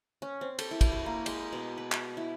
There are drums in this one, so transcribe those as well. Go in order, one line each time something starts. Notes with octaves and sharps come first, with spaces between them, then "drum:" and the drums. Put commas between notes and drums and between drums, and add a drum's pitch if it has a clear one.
C#4
C4
A4, drum: cymbal
E4
drum: kick, cymbal
F#4
A#3
G#3, drum: cymbal
B2
B4
drum: clap
E4